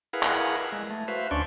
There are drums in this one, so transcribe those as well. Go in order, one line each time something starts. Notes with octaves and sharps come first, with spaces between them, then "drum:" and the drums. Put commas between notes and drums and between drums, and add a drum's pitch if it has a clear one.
E4 G#4 A#4 B4 F5 F#5
drum: clap
G#3
A3
F#4 B4 C5 E5 F5
D2 C#4 D4 D5 C6 C#6